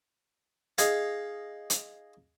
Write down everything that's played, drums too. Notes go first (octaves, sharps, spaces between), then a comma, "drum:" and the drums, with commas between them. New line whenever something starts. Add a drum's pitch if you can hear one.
D#4 G#4 F5, drum: hi-hat
drum: hi-hat